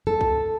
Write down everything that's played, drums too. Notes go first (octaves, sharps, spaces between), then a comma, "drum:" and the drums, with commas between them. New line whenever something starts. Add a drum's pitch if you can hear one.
A4
drum: kick